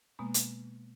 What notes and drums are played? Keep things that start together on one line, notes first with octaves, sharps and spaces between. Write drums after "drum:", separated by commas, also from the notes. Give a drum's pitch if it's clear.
B2 G#3 A#3 B3
drum: hi-hat